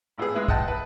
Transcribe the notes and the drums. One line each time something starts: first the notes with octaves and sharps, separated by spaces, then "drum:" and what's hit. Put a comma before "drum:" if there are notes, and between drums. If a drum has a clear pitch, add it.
G#1 A2 B3 G#4
G#3 E4 B4
D#5 F#5 G5 A5, drum: kick
B4